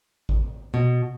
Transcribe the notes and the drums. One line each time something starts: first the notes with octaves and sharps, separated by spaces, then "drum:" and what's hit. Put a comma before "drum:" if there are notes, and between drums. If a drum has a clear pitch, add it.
drum: kick G#1
B2